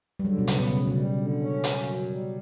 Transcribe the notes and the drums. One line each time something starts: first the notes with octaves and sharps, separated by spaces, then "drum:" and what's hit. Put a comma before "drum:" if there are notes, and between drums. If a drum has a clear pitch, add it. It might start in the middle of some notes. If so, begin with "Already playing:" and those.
G3
D3 F#3
B2
C#3 B3, drum: hi-hat
B2
D2 C#3
D3
C#3 G3
D3
C#4
F#2, drum: hi-hat
F#3
G3